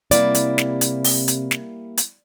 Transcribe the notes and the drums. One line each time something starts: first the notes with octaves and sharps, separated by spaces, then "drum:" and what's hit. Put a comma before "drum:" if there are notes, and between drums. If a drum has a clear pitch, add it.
C3 G3 A#3 E4 D5, drum: hi-hat
drum: hi-hat
drum: snare
drum: hi-hat
drum: open hi-hat
drum: hi-hat
drum: snare
drum: hi-hat